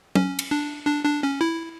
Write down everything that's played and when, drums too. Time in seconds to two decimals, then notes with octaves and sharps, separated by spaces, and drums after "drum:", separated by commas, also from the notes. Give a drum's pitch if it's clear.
0.15 C#4, drum: tom
0.39 drum: cymbal
0.51 D4
0.87 D4
1.05 D4
1.23 C#4
1.41 E4